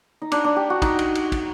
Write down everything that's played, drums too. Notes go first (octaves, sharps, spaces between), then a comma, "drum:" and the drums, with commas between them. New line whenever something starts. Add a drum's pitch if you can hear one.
D#4
D4, drum: cymbal
D4
G4
F#4
D#4, drum: kick, cymbal
drum: cymbal
drum: cymbal
drum: kick, cymbal